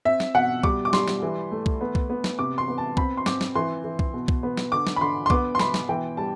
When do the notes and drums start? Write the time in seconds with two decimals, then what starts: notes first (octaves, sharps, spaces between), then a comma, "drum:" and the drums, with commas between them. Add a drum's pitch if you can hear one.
0.05 C4 E5
0.20 drum: snare
0.35 B2 F#5
0.63 G3 D6, drum: kick C2
0.85 D6
0.93 G3 C6, drum: snare
1.08 drum: snare
1.22 E3
1.51 A3
1.66 drum: kick C2
1.81 B3
1.95 drum: kick C2
2.10 B3
2.24 drum: snare
2.39 C3 D6
2.58 C6
2.68 B3
2.78 A5
2.97 C4 B5, drum: kick C2
3.17 C6
3.26 C4 D6, drum: snare
3.41 drum: snare
3.55 E3 C6
3.84 E3
3.99 drum: kick C2
4.14 B2
4.28 drum: kick C2
4.43 B3
4.57 drum: snare
4.72 D3 D6
4.87 drum: snare
4.96 B5
5.01 D3 C6
5.26 C6
5.30 B3 D6, drum: kick C2
5.55 C6
5.59 B2 B5, drum: snare
5.74 drum: snare
5.89 E3 G5
6.17 G3 A5